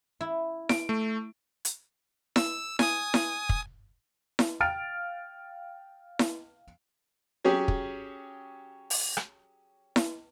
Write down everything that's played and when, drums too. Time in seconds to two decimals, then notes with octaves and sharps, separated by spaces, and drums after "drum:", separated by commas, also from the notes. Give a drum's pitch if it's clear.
0.21 E4
0.69 D7, drum: snare E4
0.89 A3
1.65 drum: hi-hat
2.36 E6, drum: snare E4
2.79 G#5 D#6, drum: snare E4
3.14 drum: snare E4
3.49 drum: kick
4.39 drum: snare E4
4.60 F5 G5 F6 A6 D7
6.19 drum: snare E4
7.45 F#3 C#4 G4 G#4
7.68 drum: kick
8.90 drum: open hi-hat
9.17 drum: rim click
9.96 drum: snare E4